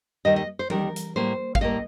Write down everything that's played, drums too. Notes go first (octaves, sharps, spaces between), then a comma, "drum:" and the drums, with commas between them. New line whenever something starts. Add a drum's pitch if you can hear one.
D#2 D#3 G3 D#5
D#5
C5
D#2 D#3 G3 A#4, drum: tom E3
drum: hi-hat
A2 G3 A#3 C5
F5, drum: kick
A2 G3 A#3 D#5